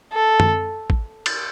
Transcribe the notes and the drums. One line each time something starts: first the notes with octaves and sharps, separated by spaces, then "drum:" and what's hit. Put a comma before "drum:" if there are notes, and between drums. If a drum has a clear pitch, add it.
A4
drum: tom F#2
drum: kick
drum: cymbal